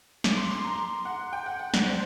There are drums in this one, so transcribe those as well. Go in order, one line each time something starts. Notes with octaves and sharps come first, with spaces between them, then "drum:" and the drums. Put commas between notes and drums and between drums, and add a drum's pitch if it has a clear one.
D6, drum: snare
C6
C6
A#5
F#5
G5
F#5
F#5
D5, drum: snare
C5